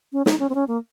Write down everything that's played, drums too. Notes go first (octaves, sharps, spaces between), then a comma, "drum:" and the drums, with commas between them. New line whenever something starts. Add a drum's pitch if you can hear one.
C#4
D#4, drum: snare
C#4
C4
C#4
A#3